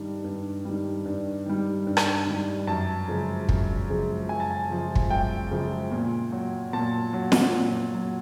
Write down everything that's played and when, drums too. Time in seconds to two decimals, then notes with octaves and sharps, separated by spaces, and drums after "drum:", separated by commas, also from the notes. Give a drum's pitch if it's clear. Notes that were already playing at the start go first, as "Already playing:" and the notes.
Already playing: G2 D#3 G3
0.24 G2
0.65 D#3 G3
1.05 G2
1.46 D#3 G3
1.87 G2
1.97 drum: rim click
2.27 D#3 G3
2.67 F#2 A5
3.08 C#3 F3 G#3
3.49 F#2, drum: kick
3.89 C#3 F3 G#3
4.29 F#2 G#5
4.40 A5
4.51 G#5
4.70 C#3 F3 G#3
4.95 drum: kick
5.10 F#2 G5
5.51 C#3 F3 G#3
5.91 A#2
6.32 F#3
6.73 A#2 A5
7.13 F#3
7.32 drum: snare
7.54 A#2
7.94 F#3